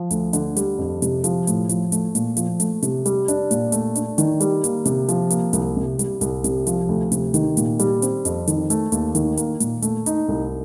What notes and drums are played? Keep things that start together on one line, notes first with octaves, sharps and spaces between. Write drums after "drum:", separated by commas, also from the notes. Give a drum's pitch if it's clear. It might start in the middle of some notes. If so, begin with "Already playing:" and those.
Already playing: F3
D2, drum: hi-hat
D3, drum: hi-hat
G3, drum: hi-hat
F2
C3, drum: hi-hat
F3, drum: hi-hat
A2, drum: hi-hat
F3, drum: hi-hat
A3, drum: hi-hat
A#2, drum: hi-hat
F3, drum: hi-hat
A3, drum: hi-hat
C3, drum: hi-hat
G3, drum: hi-hat
D4, drum: hi-hat
A#2, drum: hi-hat
A3, drum: hi-hat
D4, drum: hi-hat
D#3, drum: hi-hat
G3, drum: hi-hat
A#3, drum: hi-hat
C3, drum: hi-hat
F3, drum: hi-hat
A#3, drum: hi-hat
C2, drum: hi-hat
C3
G3, drum: hi-hat
C2, drum: hi-hat
C3, drum: hi-hat
F3, drum: hi-hat
D2
C3, drum: hi-hat
D#3, drum: hi-hat
A#2, drum: hi-hat
G3, drum: hi-hat
C4, drum: hi-hat
F2, drum: hi-hat
D#3, drum: hi-hat
A3, drum: hi-hat
D#2, drum: hi-hat
D#3, drum: hi-hat
A#3, drum: hi-hat
A#2, drum: hi-hat
A3, drum: hi-hat
D#4, drum: hi-hat
C2